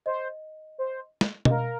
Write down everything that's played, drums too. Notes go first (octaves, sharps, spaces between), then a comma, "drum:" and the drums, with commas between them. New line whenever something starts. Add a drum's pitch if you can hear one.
C5 D#5
C5
drum: snare
D#5, drum: tom B2
A#4 F5